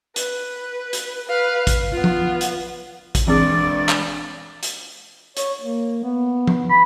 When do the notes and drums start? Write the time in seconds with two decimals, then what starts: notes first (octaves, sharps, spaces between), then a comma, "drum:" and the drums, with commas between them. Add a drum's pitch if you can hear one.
0.16 B4, drum: hi-hat
0.93 drum: hi-hat
1.27 B4 F5
1.67 drum: kick, hi-hat
1.92 B3 F4
2.04 drum: tom F3
2.41 drum: hi-hat
3.15 drum: kick, hi-hat
3.28 E3 G#3 C4 D4 G#4 D5
3.89 drum: clap
4.63 drum: hi-hat
5.37 C#5, drum: hi-hat
5.61 A#3
6.04 B3
6.47 drum: tom F3
6.70 B5